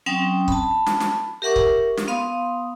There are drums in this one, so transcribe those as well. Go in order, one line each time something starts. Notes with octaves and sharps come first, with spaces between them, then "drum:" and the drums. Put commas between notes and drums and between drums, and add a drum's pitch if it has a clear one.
F#3 C4 C#4 G5 C#6 D#6
A5 B5, drum: kick
drum: snare
drum: snare
G4 A#4 E5 F#5 C#6 D6
drum: kick
drum: snare
B3 F5 C6 D#6